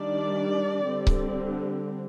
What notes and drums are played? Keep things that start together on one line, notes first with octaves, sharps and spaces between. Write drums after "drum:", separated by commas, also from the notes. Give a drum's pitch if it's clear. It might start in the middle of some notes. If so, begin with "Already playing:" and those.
Already playing: D#3 G3 D4 D5
D3 G3 C4
drum: kick C#1